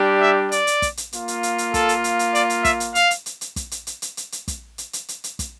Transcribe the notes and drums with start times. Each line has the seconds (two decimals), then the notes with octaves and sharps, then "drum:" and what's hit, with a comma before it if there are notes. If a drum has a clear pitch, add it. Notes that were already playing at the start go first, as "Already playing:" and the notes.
Already playing: G3 D4 G4
0.21 E5
0.52 D5, drum: hi-hat
0.67 drum: hi-hat
0.82 drum: kick, hi-hat
0.97 drum: hi-hat
1.13 A#3 F4, drum: hi-hat
1.28 drum: hi-hat
1.43 drum: hi-hat
1.58 drum: hi-hat
1.74 A4, drum: kick, hi-hat
1.89 drum: hi-hat
2.04 drum: hi-hat
2.19 drum: hi-hat
2.35 D5, drum: hi-hat
2.50 drum: hi-hat
2.65 E5, drum: kick, hi-hat
2.80 drum: hi-hat
2.95 F5, drum: hi-hat
3.11 drum: hi-hat
3.26 drum: hi-hat
3.41 drum: hi-hat
3.56 drum: kick, hi-hat
3.71 drum: hi-hat
3.87 drum: hi-hat
4.02 drum: hi-hat
4.17 drum: hi-hat
4.32 drum: hi-hat
4.48 drum: kick, hi-hat
4.78 drum: hi-hat
4.93 drum: hi-hat
5.08 drum: hi-hat
5.24 drum: hi-hat
5.39 drum: kick, hi-hat